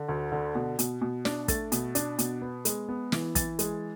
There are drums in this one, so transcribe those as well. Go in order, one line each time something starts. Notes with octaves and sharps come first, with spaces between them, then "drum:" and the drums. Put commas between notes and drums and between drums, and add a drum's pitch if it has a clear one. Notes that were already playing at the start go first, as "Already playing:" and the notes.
Already playing: D3
D2
D3
B2
B2, drum: hi-hat
B2
D4, drum: snare
A3 A6, drum: kick, hi-hat
B2, drum: hi-hat
D4, drum: hi-hat
B2, drum: hi-hat
B3
G#3, drum: hi-hat
B3
E3, drum: snare
E3 A6, drum: kick, hi-hat
G#3, drum: hi-hat